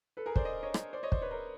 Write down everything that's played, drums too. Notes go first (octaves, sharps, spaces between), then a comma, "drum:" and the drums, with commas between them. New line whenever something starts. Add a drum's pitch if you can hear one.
A4 B4
G#4 A#4
C5 D5, drum: kick
D#5
C#5 D#5
drum: rim click
C5 D5
C#5 D#5
C5 D5, drum: kick
B4 C#5
A#4 C5